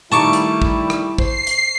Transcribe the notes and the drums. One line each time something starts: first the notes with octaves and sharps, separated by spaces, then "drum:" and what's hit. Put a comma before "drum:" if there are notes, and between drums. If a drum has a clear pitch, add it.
D#3 G3 A3 D#4 E4 A5 C#6 D6
drum: hi-hat
drum: kick
drum: rim click
C5 C7, drum: kick
drum: hi-hat